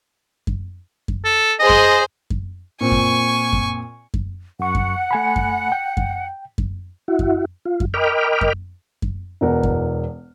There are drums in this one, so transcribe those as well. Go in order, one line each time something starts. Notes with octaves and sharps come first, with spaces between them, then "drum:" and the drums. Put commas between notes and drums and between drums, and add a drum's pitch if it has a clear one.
drum: kick F#2
drum: kick F#2
A4
G#4 C5 D#5
drum: kick F#2
drum: kick F#2
A#2 C4 G#5 C#6
drum: kick F#2
drum: kick F#2
drum: kick F#2
F#2 F#5 C#6
drum: kick F#2
A3 G#5 B5
drum: kick F#2
G5
drum: kick F#2
drum: kick F#2
E4 F#4
drum: kick F#2
F4
drum: kick F#2
A#4 D#5 G5 B5 D6 F6
drum: kick F#2
drum: kick F#2
E1 B2 E3 A#4 F#5
drum: kick F#2